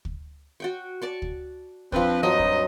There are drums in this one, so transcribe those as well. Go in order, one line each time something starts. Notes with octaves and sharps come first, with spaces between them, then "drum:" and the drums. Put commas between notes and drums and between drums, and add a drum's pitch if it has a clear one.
drum: kick
F#4 G5 C#6
D5 A5 C#6
drum: kick
F3 C4 D4 B4, drum: kick
G2 F#3 C4 D#4 D#5
drum: kick